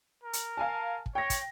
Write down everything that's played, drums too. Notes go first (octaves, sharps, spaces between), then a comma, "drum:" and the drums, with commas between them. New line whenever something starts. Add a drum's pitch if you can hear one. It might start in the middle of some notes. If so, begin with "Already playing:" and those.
A#4
drum: hi-hat
F5 G#5 A5
drum: kick
C#5 G5 A#6
drum: kick, hi-hat